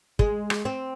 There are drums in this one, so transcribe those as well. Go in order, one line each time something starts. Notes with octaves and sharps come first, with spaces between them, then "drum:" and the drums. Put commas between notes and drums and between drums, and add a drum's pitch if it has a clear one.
G#3, drum: kick
drum: rim click
C4